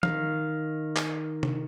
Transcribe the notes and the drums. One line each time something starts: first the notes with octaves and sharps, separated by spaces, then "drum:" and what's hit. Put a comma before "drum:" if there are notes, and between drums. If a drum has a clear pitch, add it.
D#3 F5, drum: tom E3
drum: clap
drum: tom C3